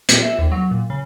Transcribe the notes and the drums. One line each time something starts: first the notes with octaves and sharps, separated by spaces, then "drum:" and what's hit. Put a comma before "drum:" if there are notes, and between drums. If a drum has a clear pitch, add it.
A#2, drum: hi-hat
E5
D#2
F#3
A#2
C#3